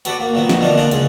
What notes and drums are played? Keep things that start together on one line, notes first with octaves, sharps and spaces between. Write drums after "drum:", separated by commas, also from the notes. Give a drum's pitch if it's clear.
B3 F#4 A4 B4 D5, drum: hi-hat
A#3
A#2 D#3 F#3 B3
drum: snare
B2 D3 A#3 D4 D#4 F4
D4 D#4 A#4 F#5 G#5
C#2 C#4 G#4, drum: hi-hat